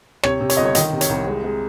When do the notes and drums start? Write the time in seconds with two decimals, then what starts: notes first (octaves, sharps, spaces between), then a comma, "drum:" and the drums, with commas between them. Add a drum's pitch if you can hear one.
0.23 C3 C#5, drum: rim click
0.41 C3
0.50 C#5, drum: hi-hat
0.57 G1 D#5
0.66 C#5
0.75 D#3 D#5, drum: hi-hat
0.93 C3
1.01 C#5, drum: hi-hat
1.09 C2
1.27 G#3
1.44 G#3